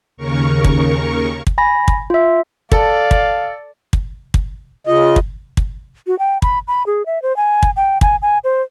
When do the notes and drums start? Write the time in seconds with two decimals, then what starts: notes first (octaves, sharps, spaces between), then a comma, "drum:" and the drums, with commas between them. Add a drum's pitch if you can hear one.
0.17 D#2 C#3 A#4 C#6
0.64 drum: kick
1.47 drum: kick
1.58 G#5 B5 A#6
1.88 drum: kick
2.10 F4 E5
2.72 A4 D5 F5 A5, drum: kick
3.11 drum: kick
3.93 drum: kick
4.34 drum: kick
4.87 C#3 F4 D#5
5.16 drum: kick
5.57 drum: kick
6.07 F#4
6.19 G5
6.42 B5, drum: kick
6.68 B5
6.87 G#4
7.06 E5
7.22 C5
7.37 G#5
7.63 drum: kick
7.76 G5
8.01 G#5, drum: kick
8.22 G#5
8.44 C5